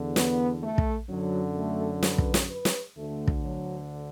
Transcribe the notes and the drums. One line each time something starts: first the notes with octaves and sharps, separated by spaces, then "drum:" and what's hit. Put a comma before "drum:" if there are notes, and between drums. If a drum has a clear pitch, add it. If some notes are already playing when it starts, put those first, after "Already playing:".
Already playing: E2 D3
B3, drum: snare
A3
drum: kick
F#2 D3 F#3
A3
B4, drum: snare
drum: kick
drum: snare
B4
drum: snare
D2 D3 A3
drum: kick
F#3